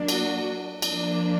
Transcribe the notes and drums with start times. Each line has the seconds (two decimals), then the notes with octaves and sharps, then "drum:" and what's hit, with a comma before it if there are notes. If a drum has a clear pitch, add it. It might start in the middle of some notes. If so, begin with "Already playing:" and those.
Already playing: F#3 A#3 D4
0.08 F#4, drum: cymbal
0.82 F3 A#3 D4, drum: cymbal